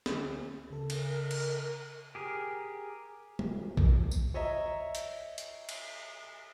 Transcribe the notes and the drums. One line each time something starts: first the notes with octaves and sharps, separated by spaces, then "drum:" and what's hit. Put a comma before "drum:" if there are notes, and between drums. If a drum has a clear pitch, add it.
D2, drum: snare
C#3 A4
A#4, drum: cymbal
drum: cymbal
G4 G#4 A#4
drum: tom G3
drum: kick A#1
drum: tambourine
C#5 D#5 E5 A#5
drum: hi-hat
drum: hi-hat
drum: cymbal